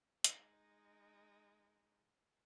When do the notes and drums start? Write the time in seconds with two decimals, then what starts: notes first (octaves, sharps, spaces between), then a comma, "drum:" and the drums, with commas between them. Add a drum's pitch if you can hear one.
0.24 G#3 D#4, drum: hi-hat